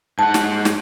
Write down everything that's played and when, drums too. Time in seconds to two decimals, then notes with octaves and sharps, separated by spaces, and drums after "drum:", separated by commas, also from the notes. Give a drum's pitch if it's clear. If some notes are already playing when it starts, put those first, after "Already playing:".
0.19 G#2 F#5 A5
0.34 drum: snare
0.65 drum: snare